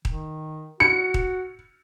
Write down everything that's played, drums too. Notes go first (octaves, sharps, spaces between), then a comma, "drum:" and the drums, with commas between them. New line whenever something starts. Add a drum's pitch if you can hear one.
D#3, drum: kick D#1
F#4 C#7
drum: kick D#1